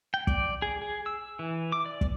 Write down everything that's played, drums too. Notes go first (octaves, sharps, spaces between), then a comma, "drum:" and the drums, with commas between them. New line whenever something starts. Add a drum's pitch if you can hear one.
G5
D5, drum: kick
G#4
G#4
E6
E3
D6
D5
drum: kick